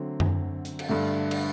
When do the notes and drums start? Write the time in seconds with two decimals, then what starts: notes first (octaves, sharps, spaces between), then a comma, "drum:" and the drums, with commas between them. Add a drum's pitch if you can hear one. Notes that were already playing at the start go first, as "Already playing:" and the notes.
Already playing: D3 F#3 A3 C4
0.20 drum: tom F#2
0.65 drum: hi-hat
0.79 drum: cymbal
0.89 G2 D3 A3
1.31 drum: cymbal